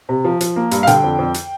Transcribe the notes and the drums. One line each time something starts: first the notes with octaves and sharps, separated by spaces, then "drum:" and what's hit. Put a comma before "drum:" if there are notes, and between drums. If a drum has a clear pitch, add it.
C3
F3
F3, drum: hi-hat
A#3
G2, drum: hi-hat
F5
D3 G5, drum: hi-hat
F2
F2
drum: hi-hat